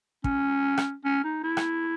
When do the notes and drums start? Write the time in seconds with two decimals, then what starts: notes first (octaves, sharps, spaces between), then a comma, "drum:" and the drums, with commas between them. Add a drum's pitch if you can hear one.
0.24 C#4, drum: kick
0.78 drum: rim click
1.04 C#4
1.24 D#4
1.44 E4
1.57 drum: rim click